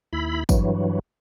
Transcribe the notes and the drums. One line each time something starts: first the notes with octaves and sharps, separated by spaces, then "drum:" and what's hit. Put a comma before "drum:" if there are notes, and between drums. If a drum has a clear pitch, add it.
D#2 E4 B5
G2 E3 F#3, drum: kick, tambourine